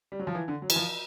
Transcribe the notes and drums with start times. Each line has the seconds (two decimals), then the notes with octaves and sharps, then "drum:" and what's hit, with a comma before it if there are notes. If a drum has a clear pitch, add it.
0.12 G3
0.19 F#3
0.27 F3
0.35 E3
0.48 D3
0.62 F#3
0.70 E3, drum: cymbal
0.76 F3